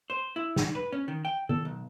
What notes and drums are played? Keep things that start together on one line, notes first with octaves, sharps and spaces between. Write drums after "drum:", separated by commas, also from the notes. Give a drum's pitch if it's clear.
C5
E4
D#3, drum: snare
B4
C#4
D#3
G5
A4, drum: tom D#3
B1